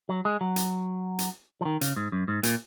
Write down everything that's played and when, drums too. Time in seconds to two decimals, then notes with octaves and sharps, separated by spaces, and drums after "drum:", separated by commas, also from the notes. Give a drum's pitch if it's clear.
0.09 F#3
0.25 G#3
0.41 F#3
0.56 drum: hi-hat
1.19 drum: hi-hat
1.61 F3
1.65 D#3
1.81 C#3, drum: hi-hat
1.96 G#2
2.12 F#2
2.28 G#2
2.43 A#2, drum: hi-hat